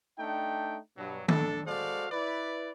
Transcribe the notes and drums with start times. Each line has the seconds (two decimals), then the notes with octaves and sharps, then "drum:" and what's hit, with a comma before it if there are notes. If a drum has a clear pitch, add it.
0.18 A3 D4 D#4 G5
0.97 G2 B2 F#3
1.28 D4 A4, drum: tom
1.66 G#3 F#4 A4 C5 D5 F5
2.11 E4 B4 D5